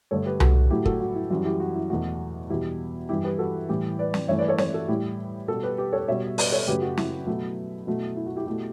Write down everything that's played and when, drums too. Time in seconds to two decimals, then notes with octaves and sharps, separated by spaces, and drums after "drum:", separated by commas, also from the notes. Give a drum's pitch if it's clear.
0.11 G2 D3 A3 A4 C#5
0.26 G4 B4
0.40 F#4 A4, drum: tom C2
0.70 A2 F#3 A3 E4 G4
0.85 F#4 A4, drum: kick
1.01 F#4
1.15 E4
1.30 F#2 E3 G3 F#4
1.45 E4 G4
1.60 F#4
1.74 E4
1.90 E2 B2 A3 F#4
2.49 E2 B2 G3 E4 G4
3.09 G2 E3 G3 E4 G4
3.24 G4 B4
3.39 F#4 A4
3.69 A2 E3 G3 E4 G4
3.99 B4 D5
4.14 drum: snare
4.28 G2 E3 A3 C#5 E5
4.39 B4 D5
4.48 A4 C#5
4.58 A4 C#5, drum: snare
4.74 F#4 A4
4.88 A2 G3 E4 G4
5.48 B2 G3 F#4 A4
5.63 G4 B4
5.78 G4 B4
5.93 A4 C#5
6.08 B2 G3 C#5 E5
6.38 B4 D5, drum: open hi-hat
6.52 A4 C#5
6.67 F#2 C#3 F#3 A3 G4 B4
6.82 F#4
6.97 E4, drum: snare
7.27 B2 F#3 A3
7.87 B2 F#3 A3
8.16 E4
8.26 F#4
8.36 E4 G4
8.47 B2 A3 E4 G4